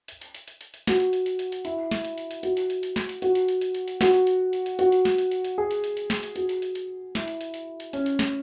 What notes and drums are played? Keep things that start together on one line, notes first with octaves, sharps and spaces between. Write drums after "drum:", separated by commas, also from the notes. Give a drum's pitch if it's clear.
drum: hi-hat
drum: hi-hat
drum: hi-hat
drum: hi-hat
drum: hi-hat
drum: hi-hat
F#4, drum: snare
drum: hi-hat
drum: hi-hat
drum: hi-hat
drum: hi-hat
drum: hi-hat
E4, drum: hi-hat
drum: snare
drum: hi-hat
drum: hi-hat
drum: hi-hat
F#4, drum: hi-hat
drum: hi-hat
drum: hi-hat
drum: hi-hat
drum: snare
drum: hi-hat
F#4, drum: hi-hat
drum: hi-hat
drum: hi-hat
drum: hi-hat
drum: hi-hat
drum: hi-hat
F#4, drum: snare
drum: hi-hat
drum: hi-hat
drum: hi-hat
drum: hi-hat
F#4, drum: hi-hat
drum: hi-hat
drum: snare
drum: hi-hat
drum: hi-hat
drum: hi-hat
G#4
drum: hi-hat
drum: hi-hat
drum: hi-hat
drum: snare
drum: hi-hat
F#4, drum: hi-hat
drum: hi-hat
drum: hi-hat
drum: hi-hat
E4, drum: snare
drum: hi-hat
drum: hi-hat
drum: hi-hat
drum: hi-hat
C#4, drum: hi-hat
drum: hi-hat
drum: snare